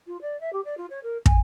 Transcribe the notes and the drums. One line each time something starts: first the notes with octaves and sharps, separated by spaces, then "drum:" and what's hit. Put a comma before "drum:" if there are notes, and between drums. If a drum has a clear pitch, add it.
F4
D5
E5
G4
D5
F4
C#5
A#4
G#5, drum: kick